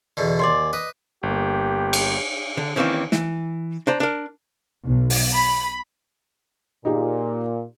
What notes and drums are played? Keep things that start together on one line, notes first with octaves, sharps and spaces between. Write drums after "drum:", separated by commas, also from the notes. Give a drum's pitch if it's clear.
E2 B2 D3
D#2 D5 G#5 C6
B4 D#5
G1 A#3 G4
drum: cymbal
D3
D#3 E3 A#3 C4 C#4
E3, drum: snare
D4 C5 A#5
D4 A#4
B1
drum: open hi-hat
B5
A#2 D#4 G4 G#4